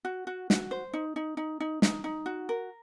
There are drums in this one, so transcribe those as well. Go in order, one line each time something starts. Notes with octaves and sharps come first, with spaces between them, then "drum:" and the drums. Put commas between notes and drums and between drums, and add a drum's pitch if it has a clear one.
F#4
F#4
F#4, drum: snare
C5
D#4
D#4
D#4
D#4
D#4, drum: snare
D#4
F#4
A#4